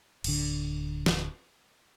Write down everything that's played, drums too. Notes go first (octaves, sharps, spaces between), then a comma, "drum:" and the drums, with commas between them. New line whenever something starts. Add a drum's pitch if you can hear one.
D1 D3, drum: cymbal
drum: snare